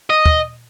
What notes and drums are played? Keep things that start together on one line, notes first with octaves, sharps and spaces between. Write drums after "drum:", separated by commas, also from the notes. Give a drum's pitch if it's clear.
D#5
drum: kick